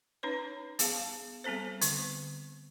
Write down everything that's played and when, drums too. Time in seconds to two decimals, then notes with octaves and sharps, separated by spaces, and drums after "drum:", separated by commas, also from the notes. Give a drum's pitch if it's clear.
0.23 C#4 D#4 B4 C#5
0.79 B3 G#4 F5 A5, drum: hi-hat
1.44 G3 B3 C4 A4 C5
1.81 D3, drum: hi-hat